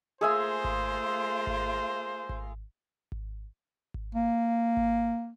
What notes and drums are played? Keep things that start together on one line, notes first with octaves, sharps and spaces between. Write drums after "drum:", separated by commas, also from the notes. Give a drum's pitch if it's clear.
A3 A#3 F4 G#4 C5 E5 G#5
drum: kick G#1
drum: kick G#1
drum: kick G#1
drum: kick G#1
drum: kick G#1
A#3
drum: kick G#1